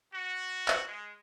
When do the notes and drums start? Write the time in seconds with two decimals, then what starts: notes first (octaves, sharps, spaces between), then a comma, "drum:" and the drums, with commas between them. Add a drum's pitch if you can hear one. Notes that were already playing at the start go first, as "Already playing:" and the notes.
0.12 F#4
0.68 drum: clap
0.86 G#3